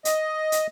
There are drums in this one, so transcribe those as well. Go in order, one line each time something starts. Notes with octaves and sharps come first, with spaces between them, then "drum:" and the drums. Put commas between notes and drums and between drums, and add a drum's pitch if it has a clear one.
D#5, drum: hi-hat
drum: hi-hat